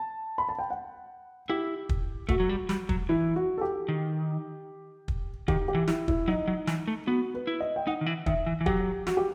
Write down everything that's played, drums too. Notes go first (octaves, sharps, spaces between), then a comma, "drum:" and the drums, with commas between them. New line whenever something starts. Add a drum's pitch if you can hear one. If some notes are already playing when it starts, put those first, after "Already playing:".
Already playing: A5
B5
A5
G5
F#5
E4 G4
drum: kick
A3 F#4, drum: kick
F#3
G3
G3, drum: snare
F#3, drum: kick
E3 E4
F#4
A4
G4
D#3
drum: kick
D#3 G4, drum: kick
G4
E3
E4, drum: snare
E4, drum: kick
F#3 D#4
F#3
E3, drum: snare
A3
B3 F#4
B4
E4
D#5
G5
D#4 F#5
D#3
E3
D#3 E5, drum: kick
E3
E3
F#3 G4, drum: kick
F#4, drum: snare
G4